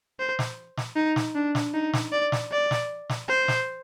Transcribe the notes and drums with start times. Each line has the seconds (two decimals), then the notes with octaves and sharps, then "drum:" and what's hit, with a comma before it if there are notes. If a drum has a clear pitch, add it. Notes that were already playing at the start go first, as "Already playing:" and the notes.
0.19 C5
0.39 drum: snare
0.77 drum: snare
0.96 D#4
1.16 drum: snare
1.35 D4
1.55 drum: snare
1.74 D#4
1.93 drum: snare
2.12 D5
2.32 drum: snare
2.52 D5
2.71 drum: snare
3.10 drum: snare
3.29 C5
3.48 drum: snare